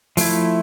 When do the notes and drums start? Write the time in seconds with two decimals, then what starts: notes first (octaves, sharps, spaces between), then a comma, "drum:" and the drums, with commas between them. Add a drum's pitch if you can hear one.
0.17 F3 A3 E4, drum: open hi-hat